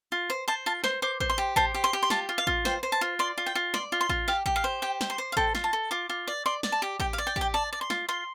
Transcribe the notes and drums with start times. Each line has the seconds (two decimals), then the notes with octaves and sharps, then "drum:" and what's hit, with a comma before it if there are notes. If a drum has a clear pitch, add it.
0.12 F4
0.30 C5
0.48 C5 A5
0.66 F4 A5
0.84 C5 C6, drum: snare
1.02 C5 D6
1.20 C5, drum: kick A1
1.30 C6
1.38 G4
1.56 C5 A5, drum: kick A1
1.74 G4
1.84 C6
1.93 G4
2.03 C6
2.10 F4 A5, drum: snare
2.29 F4
2.38 F5
2.47 F4, drum: kick A1
2.65 C5 G5, drum: snare
2.83 C5
2.92 A5
3.01 F4
3.19 D5 C6
3.38 F4
3.46 G5
3.55 F4
3.74 D5 C6, drum: snare
3.92 F4
4.01 C6
4.09 F4, drum: kick A1
4.28 G4 F5
4.46 G4, drum: kick A1
4.56 F5
4.64 C5
4.82 G4 G5
5.01 C5, drum: snare
5.10 C6
5.18 C5
5.32 F5
5.37 A4 G5, drum: kick A1
5.55 F4, drum: snare
5.64 A5
5.73 A4
5.91 F4 D6
6.10 F4
6.28 D5
6.46 D5 C6
6.63 D5, drum: snare
6.72 A5
6.82 G4
7.00 G4 G5, drum: kick A1
7.13 F5
7.18 D5
7.27 G5
7.36 G4, drum: kick A1
7.41 G5
7.54 D5 A5
7.73 D5
7.81 C6
7.90 F4, drum: snare
8.09 F4 C6